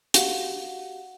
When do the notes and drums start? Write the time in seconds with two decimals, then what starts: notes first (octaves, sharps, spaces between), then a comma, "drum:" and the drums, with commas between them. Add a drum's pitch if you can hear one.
0.14 F#4 G4 F5 F#5, drum: hi-hat